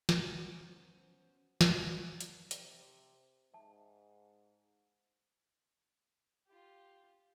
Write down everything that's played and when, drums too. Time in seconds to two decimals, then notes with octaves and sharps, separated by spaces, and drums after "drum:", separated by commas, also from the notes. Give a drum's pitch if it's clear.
0.09 A3, drum: snare
0.49 F#3 B3 C#4 C5
1.61 drum: snare
2.21 drum: hi-hat
2.51 C3, drum: hi-hat
3.54 G#2 E5 A5
6.47 F4 G4